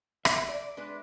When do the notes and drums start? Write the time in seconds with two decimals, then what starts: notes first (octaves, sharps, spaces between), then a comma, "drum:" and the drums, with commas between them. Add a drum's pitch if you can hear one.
0.25 E5, drum: rim click
0.49 D5
0.77 G#3 D4 B4